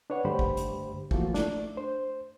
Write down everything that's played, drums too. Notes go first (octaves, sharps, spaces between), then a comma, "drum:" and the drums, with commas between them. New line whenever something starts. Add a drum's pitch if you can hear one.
D4 B4 C#5 D5 F#5
G2 D3 A3 G4 C5 B5
drum: kick
drum: hi-hat
E3 F3 A3 A#3 F4 F#4, drum: kick
A3 D4, drum: snare
C5